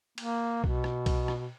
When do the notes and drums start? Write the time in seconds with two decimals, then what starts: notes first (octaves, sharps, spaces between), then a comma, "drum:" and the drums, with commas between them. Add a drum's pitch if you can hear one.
0.18 A#3, drum: cymbal
0.64 B2, drum: kick B1
0.84 drum: rim click
1.06 drum: kick B1, cymbal
1.28 drum: rim click